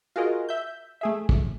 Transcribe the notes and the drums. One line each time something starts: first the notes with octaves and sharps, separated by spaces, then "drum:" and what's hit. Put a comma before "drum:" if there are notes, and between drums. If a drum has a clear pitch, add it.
F4 F#4 G#4 A#4 D#5
E5 G6
A3 G#4 E5
drum: kick